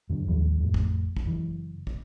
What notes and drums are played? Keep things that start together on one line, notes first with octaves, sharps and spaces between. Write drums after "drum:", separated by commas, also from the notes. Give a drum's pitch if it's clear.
F#2 D3
A1 D#2 F3 G3
F2 A2
drum: kick
drum: kick
F#1 E3
drum: kick